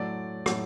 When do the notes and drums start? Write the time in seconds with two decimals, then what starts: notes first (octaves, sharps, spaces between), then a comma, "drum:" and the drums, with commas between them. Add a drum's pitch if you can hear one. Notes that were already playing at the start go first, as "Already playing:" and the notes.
Already playing: A2 F#3 A3 D5
0.46 A2 F#3 A3, drum: rim click